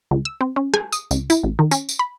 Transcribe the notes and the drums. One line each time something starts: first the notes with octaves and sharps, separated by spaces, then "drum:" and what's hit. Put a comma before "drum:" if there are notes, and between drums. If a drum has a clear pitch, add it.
C#2
E6
C4
C#4
G#5, drum: rim click
D#6, drum: tambourine
C#2, drum: tambourine
E4, drum: tambourine
A1
D#3
C#4, drum: tambourine
drum: tambourine
B5